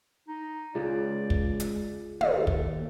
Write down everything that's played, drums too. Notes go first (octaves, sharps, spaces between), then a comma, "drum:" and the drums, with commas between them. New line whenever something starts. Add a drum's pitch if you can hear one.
D#4
C#2 F4 G#4 D5
drum: kick
drum: hi-hat
D#2 A4, drum: tom
drum: kick